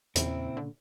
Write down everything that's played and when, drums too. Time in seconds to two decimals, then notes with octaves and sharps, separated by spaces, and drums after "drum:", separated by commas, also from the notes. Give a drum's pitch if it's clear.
0.16 E2 A#2 C#3 C4 E4, drum: hi-hat
0.57 D3